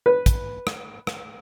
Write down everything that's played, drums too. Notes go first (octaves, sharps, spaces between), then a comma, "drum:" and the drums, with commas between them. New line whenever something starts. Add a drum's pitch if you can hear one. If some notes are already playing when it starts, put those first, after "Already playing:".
B4
drum: kick, hi-hat
drum: rim click
drum: rim click